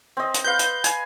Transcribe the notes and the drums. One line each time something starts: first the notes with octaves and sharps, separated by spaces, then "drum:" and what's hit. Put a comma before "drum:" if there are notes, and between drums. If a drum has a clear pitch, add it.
C4 D#5
drum: hi-hat
B4 F5 G6
drum: hi-hat
G#5, drum: hi-hat